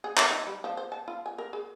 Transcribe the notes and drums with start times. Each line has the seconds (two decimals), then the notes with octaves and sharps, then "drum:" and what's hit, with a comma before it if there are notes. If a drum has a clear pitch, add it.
0.04 G#4
0.17 E4, drum: clap
0.30 D#4
0.47 G3
0.64 F3
0.77 C5
0.92 A5
1.08 F4
1.26 G#5
1.38 A#4
1.53 G#4